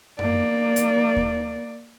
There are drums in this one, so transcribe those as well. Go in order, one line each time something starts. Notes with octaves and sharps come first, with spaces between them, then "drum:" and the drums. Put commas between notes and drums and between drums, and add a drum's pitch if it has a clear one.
A#3 D5, drum: tom F#2
drum: hi-hat
drum: kick D#2